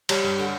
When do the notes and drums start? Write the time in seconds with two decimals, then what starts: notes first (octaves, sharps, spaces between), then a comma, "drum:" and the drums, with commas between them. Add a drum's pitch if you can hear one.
0.09 G3 C#5, drum: cymbal
0.24 G2
0.38 D3